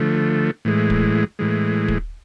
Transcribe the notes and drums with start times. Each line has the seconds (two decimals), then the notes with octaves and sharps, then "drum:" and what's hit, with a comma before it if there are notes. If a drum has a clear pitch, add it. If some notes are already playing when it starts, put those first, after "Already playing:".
Already playing: D3 F3 A3
0.65 A2 E3 G#3
0.90 drum: kick
1.39 A2 E3 G#3
1.88 drum: kick